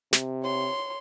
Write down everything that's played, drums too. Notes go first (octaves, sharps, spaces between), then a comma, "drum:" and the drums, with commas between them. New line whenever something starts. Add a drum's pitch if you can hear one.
C3, drum: snare
C#5 C6